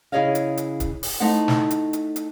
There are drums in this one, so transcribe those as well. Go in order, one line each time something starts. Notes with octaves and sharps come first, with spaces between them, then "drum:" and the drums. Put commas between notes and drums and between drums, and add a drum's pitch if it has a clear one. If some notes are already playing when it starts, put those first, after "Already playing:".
C#3 E4 G#4 C#5 D#5 F5
drum: hi-hat
drum: hi-hat
drum: kick, hi-hat
drum: open hi-hat
A3 D#4 E4 C5 F#5
drum: snare
drum: hi-hat
drum: hi-hat
drum: hi-hat